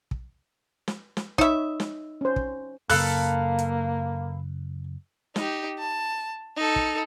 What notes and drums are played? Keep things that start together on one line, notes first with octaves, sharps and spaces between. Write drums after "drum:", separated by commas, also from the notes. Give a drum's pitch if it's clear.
drum: kick
drum: snare
drum: snare
D#4 C#5 E5 B5, drum: kick
drum: snare
C#4 C5
drum: kick
F#2 C#3 A#3 A4 B4 F5 F#6, drum: open hi-hat
drum: hi-hat
D#4 G4, drum: snare
A5
D#4 A4
drum: kick